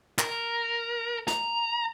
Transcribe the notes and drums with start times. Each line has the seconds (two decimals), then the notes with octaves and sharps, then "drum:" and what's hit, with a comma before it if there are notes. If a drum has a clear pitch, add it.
0.19 A#4, drum: clap
1.28 A#5, drum: snare